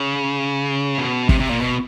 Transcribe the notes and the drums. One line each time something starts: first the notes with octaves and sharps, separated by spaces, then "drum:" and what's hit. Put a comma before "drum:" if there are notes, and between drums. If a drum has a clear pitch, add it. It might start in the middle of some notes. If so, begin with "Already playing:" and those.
Already playing: C#3
B2
C3, drum: kick
C3
A#2
B2